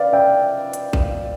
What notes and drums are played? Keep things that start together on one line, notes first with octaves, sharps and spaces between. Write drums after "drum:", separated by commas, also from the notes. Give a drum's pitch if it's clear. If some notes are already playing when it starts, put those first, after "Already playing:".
Already playing: B4 D5 F5
E5 G5
drum: hi-hat
drum: kick A#1